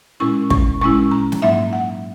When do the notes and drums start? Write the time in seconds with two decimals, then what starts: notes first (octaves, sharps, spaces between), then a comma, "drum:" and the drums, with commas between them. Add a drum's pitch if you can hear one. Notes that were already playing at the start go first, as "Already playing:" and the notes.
0.20 A#2 G#3 C#4 E4 C#6
0.50 C#6, drum: kick
0.81 A#2 G#3 C#4 E4 C#6
1.11 A#5
1.32 drum: snare
1.42 G#2 F#3 A#3 D#4 E5
1.73 F#5